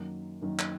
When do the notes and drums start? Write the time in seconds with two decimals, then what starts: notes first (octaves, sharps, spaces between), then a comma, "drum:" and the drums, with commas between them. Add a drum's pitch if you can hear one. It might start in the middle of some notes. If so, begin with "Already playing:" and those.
Already playing: F#2 D#3 F#3 A#3
0.41 F#2 D#3 F#3 A#3
0.59 drum: clap